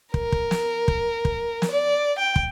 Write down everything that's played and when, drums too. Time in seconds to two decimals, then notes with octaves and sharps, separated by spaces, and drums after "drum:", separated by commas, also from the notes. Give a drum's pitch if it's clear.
0.14 A#4, drum: kick
0.32 drum: kick
0.51 drum: snare
0.88 drum: kick
1.25 drum: kick
1.62 drum: snare
1.72 D5
2.19 G5
2.36 drum: kick